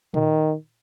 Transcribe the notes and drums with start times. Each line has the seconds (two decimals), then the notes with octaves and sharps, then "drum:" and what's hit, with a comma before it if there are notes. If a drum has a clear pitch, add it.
0.14 D#3, drum: tom A#2